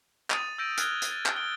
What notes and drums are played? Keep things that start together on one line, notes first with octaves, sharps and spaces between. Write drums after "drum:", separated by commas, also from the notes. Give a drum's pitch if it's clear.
D#6 A6 D#7 F7, drum: clap
E6 G6 A#6 D7 D#7
F6 F#6 G#6 G7, drum: hi-hat
drum: hi-hat
A6
drum: clap
D7 G7